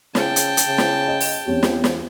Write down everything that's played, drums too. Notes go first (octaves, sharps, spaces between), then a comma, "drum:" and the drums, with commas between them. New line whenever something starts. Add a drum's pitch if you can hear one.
C#3 G5 A5, drum: snare
drum: hi-hat
drum: hi-hat
C#3
drum: snare
D#5
drum: open hi-hat
E2 C4 C#4 G4
drum: snare
drum: snare